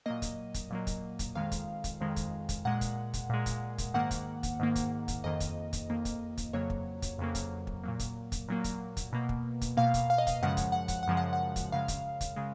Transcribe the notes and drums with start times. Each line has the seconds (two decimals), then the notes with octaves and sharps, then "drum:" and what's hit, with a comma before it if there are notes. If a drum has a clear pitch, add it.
0.06 A#2 F#3 A#3 D#5
0.22 drum: kick, hi-hat
0.54 drum: kick, hi-hat
0.70 A#2 F#3 A#3
0.87 drum: kick, hi-hat
1.19 drum: kick, hi-hat
1.35 F2 D#3 G#3 F5
1.52 drum: kick, hi-hat
1.84 drum: kick, hi-hat
2.00 F2 D#3 G#3
2.16 drum: kick, hi-hat
2.49 drum: kick, hi-hat
2.65 A#2 G#3 F#5
2.81 drum: kick, hi-hat
3.14 drum: kick, hi-hat
3.30 A#2 G#3
3.46 drum: kick, hi-hat
3.78 drum: kick, hi-hat
3.94 G#2 D#3 A#3 F#5
4.11 drum: kick, hi-hat
4.43 drum: kick, hi-hat
4.60 G#2 D#3 A#3
4.76 drum: kick, hi-hat
5.08 drum: kick, hi-hat
5.24 F2 D#3 A#3 D#5
5.40 drum: kick, hi-hat
5.73 drum: kick, hi-hat
5.89 F2 D#3 A#3
6.05 drum: kick, hi-hat
6.37 drum: kick, hi-hat
6.53 F2 C#3 F#3 A#3 C#5
6.70 drum: kick
7.02 drum: kick, hi-hat
7.18 F2 C#3 F#3 A#3
7.35 drum: kick, hi-hat
7.67 drum: kick
7.84 A#2 F#3 A#3
7.99 drum: kick, hi-hat
8.32 drum: kick, hi-hat
8.48 A#2 F#3 A#3
8.64 drum: kick, hi-hat
8.97 drum: kick, hi-hat
9.13 B2 A#3
9.29 drum: kick
9.61 drum: kick, hi-hat
9.77 B2 A#3 F5
9.94 drum: kick, hi-hat
10.10 F5
10.18 D#5
10.27 F5, drum: kick, hi-hat
10.42 F#2 C#3 F3 G#3 F#5
10.57 F#5, drum: kick, hi-hat
10.72 F#5
10.88 F#5, drum: kick, hi-hat
11.03 F#5
11.07 F#2 C#3 F3 G#3
11.17 F#5
11.33 F#5
11.56 drum: kick, hi-hat
11.72 F#2 C#3 G#3 F5
11.88 drum: kick, hi-hat
12.21 drum: kick, hi-hat
12.36 C#3 G#3